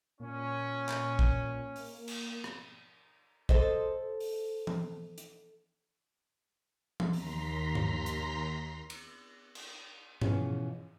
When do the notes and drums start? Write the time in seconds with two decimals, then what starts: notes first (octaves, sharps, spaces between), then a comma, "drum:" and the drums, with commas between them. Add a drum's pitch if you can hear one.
0.20 A#2 C#4
0.89 drum: clap
1.19 drum: kick
1.76 A#3, drum: open hi-hat
2.08 drum: cymbal
2.44 drum: rim click
3.49 A4 C5 D#5, drum: kick
4.20 drum: open hi-hat
4.67 drum: tom E3
5.18 drum: hi-hat
7.00 drum: tom E3
7.13 D#2 A#5 C6 B6, drum: open hi-hat
7.75 drum: tom G2
8.06 drum: hi-hat
8.90 drum: cymbal
9.55 drum: cymbal
10.22 B2 E3 C#4 F4 G#4, drum: tom G2